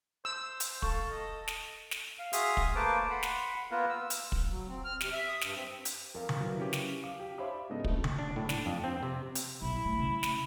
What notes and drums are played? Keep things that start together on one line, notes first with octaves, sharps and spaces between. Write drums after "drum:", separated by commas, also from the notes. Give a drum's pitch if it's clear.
C5 E6
drum: hi-hat
A4 F5 C#6, drum: kick
D#5
drum: snare
drum: snare
F5
F#4 G#4 E5 F5 C6 D#6, drum: hi-hat
drum: kick
A3 A#3 B4 C5 A5 D6
F#5 B5 C6
drum: snare
A#3 B3 F4 A#4 B4
E6
drum: hi-hat
drum: kick
F#3
C4
F6
C3, drum: snare
E5
D#6
G2, drum: snare
C4
drum: hi-hat
F2 A#4 F5
drum: tom C#3
F#3 E4 A#4 B4
C#4 G4
drum: snare
F5 D6
G4
C5 C#5 E5 F5 B5 D6
D5
G#2 C#3 B3 A4 D#5
A3 D4, drum: kick
drum: tom C#3
D4
A2
D4, drum: snare
F2
C4
C3
drum: hi-hat
B1 E4
A3
C#3
drum: snare